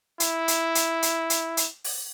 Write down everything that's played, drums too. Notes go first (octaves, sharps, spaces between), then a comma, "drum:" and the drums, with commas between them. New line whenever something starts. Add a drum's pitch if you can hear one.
E4, drum: hi-hat
drum: hi-hat
drum: hi-hat
drum: hi-hat
drum: hi-hat
drum: hi-hat
drum: open hi-hat